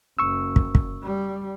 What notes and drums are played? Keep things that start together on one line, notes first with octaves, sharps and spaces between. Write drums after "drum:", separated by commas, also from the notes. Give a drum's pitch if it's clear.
F#1 C#6 E6
drum: kick
drum: kick
G3